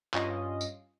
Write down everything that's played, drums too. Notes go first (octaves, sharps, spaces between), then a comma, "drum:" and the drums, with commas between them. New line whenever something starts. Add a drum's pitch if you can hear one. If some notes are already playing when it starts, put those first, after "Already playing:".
G2 C#4 F4 D#5, drum: clap
drum: tambourine